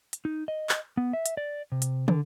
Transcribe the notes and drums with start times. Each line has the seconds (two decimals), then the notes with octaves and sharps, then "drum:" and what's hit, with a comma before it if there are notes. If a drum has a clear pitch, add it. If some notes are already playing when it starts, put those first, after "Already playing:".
0.13 drum: hi-hat
0.25 D#4
0.48 D#5
0.69 drum: clap
0.97 B3
1.13 E5
1.26 drum: hi-hat
1.37 D5
1.72 C3
1.82 drum: hi-hat
2.08 D3, drum: tom